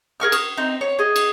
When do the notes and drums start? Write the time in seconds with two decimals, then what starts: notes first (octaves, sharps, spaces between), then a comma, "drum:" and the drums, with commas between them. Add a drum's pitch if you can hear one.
0.20 G#4 A#4 C#6 F6
0.32 D#6, drum: cymbal
0.57 C4 D#4
0.81 C#5
0.99 G#4 D#5
1.16 drum: cymbal